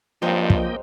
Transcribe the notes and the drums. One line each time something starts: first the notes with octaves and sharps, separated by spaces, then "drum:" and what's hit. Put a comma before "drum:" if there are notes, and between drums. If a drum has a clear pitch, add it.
G2 F3 F#3 G#3 A#3 C4 D#5 G5
drum: kick